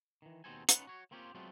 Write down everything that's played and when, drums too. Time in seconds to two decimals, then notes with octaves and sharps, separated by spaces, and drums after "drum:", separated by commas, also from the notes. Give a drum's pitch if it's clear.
0.22 D#3 E3
0.44 D#2 B2 C4 D#4 A4 G#5
0.69 C#4 D#4 F4 B4 F#5, drum: hi-hat
0.87 F#4 C#5
1.11 A#3 C4 C#4 F4 G4
1.34 F#3 G#3 A3 B3 C4 F4